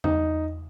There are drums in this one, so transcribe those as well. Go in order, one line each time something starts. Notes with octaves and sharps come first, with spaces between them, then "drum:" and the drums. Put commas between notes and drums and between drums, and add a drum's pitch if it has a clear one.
D#4, drum: tom E2